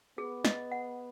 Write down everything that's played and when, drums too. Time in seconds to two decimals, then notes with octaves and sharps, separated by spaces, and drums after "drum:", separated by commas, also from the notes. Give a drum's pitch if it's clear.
0.18 B3 G#4
0.45 D#5, drum: snare
0.71 F#5